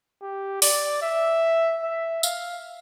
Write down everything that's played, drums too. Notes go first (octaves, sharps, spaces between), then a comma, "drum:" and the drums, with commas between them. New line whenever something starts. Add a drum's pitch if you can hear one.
G4
D5, drum: open hi-hat
E5
E5
F5, drum: tambourine